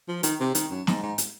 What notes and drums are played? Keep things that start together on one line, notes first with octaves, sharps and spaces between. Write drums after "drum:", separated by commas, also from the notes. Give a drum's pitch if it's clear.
F3
D#3, drum: hi-hat
C3
D#3, drum: hi-hat
F#2
G#2, drum: snare
G#2
drum: hi-hat